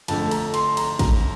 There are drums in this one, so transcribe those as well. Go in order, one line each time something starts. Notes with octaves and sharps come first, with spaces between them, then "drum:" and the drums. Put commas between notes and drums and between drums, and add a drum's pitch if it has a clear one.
F2 D3 A3 A5, drum: cymbal
A#5, drum: cymbal
C6, drum: cymbal
A#5, drum: cymbal
A#5, drum: kick, cymbal